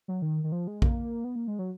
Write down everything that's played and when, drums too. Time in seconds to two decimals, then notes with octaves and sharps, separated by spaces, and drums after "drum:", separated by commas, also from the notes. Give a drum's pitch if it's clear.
0.08 F#3
0.22 D#3
0.44 D#3
0.52 F3
0.67 G#3
0.82 A#3, drum: kick A#1
1.24 B3
1.36 A#3
1.48 G#3
1.59 F#3